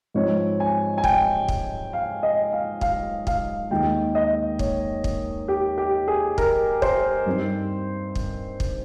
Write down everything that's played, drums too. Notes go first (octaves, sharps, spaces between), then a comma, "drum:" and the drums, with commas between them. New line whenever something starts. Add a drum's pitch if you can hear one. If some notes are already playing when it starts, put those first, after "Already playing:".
G#2 F3 C4 D#4 C#5
G#5
G#5
G5, drum: kick
drum: kick
F5
D#5
F5
F5, drum: kick
F5, drum: kick
D#2 D#3 G#3 G5
D#5
C#5, drum: kick
drum: kick
G4
G4
G#4
A#4, drum: kick
C5, drum: kick
G2 G3 C4 D#4
drum: kick
drum: kick